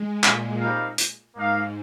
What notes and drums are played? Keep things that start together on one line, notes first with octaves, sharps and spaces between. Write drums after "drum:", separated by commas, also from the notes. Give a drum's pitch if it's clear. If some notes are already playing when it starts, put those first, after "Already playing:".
Already playing: G#3
A#2, drum: clap
G3 C4 D#4 A#4 F5
drum: hi-hat
G#2 A#3 D#4 A#4 F5